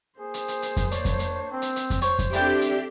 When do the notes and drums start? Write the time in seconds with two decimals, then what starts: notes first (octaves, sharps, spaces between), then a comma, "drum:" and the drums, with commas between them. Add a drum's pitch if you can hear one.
0.19 A#3 G#4 C5
0.34 drum: hi-hat
0.48 drum: hi-hat
0.62 drum: hi-hat
0.77 drum: kick F2, hi-hat
0.92 D4 C#5, drum: hi-hat
1.05 drum: kick F2, hi-hat
1.19 drum: hi-hat
1.51 C4
1.62 drum: hi-hat
1.76 drum: hi-hat
1.90 drum: kick F2, hi-hat
2.02 C5 C#5, drum: hi-hat
2.19 drum: kick F2, hi-hat
2.33 C4 D4 E4 G4 A4 D5 G5, drum: hi-hat
2.61 drum: hi-hat